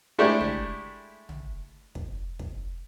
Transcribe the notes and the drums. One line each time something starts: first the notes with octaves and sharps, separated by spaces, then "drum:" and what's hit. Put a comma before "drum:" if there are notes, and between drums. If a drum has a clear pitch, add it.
G#3 A3 D4 E4 G4
drum: tom
drum: tom
drum: kick
drum: kick